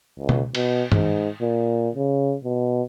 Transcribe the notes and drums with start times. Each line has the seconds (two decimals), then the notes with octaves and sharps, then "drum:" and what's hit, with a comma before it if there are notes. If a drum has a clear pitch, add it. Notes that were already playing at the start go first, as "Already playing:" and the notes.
0.19 C#2
0.29 drum: tom B2
0.55 B2, drum: cymbal
0.92 G#2, drum: tom G2
1.41 A#2
1.96 C#3
2.44 B2